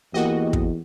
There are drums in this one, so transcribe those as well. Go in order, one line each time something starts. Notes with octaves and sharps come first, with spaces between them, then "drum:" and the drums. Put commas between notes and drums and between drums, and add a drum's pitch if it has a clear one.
E2 A#3 F#4 G4 D#5
drum: kick